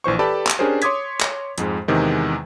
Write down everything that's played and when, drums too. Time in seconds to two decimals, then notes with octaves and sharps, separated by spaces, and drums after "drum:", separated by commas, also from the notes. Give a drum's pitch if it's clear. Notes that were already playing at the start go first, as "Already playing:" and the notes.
0.04 A#1 E3 C5 C#6
0.19 G4 A4 B4 D5 A5 B5
0.47 drum: clap
0.59 C#4 D4 G4 G#4 A#4 C5
0.82 C#5 C6 D6 D#6 G#6 B6, drum: hi-hat
1.21 drum: clap
1.58 F2 G#2 G#3, drum: hi-hat
1.88 E2 C3 D#3 G#3